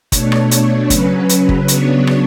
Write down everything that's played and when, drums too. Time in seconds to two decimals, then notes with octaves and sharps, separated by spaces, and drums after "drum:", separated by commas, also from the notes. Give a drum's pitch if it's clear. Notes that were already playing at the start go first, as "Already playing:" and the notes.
0.12 B2 A3 D4 C#5, drum: kick, hi-hat
0.32 drum: rim click
0.51 drum: hi-hat
0.90 C#3 F#3 C#4 B4, drum: kick, hi-hat
1.29 drum: hi-hat
1.49 drum: kick
1.68 C#3 F#3 B3 D4 C#5, drum: hi-hat
2.07 drum: rim click